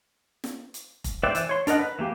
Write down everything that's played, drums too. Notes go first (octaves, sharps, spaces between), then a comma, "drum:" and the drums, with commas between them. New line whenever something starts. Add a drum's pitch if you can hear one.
drum: snare
drum: hi-hat
drum: kick F1, hi-hat
B4 C5 D5 E5 G5
E3, drum: hi-hat
C#5 C6
D4 A#4 D#5 F#5, drum: hi-hat
B4
E3 A#3 G4